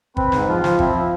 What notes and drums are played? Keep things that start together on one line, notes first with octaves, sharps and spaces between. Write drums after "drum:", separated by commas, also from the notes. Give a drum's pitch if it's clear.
C4 B4, drum: kick
G#2, drum: snare
F3 F4
F3, drum: snare
C4 E4, drum: kick
F3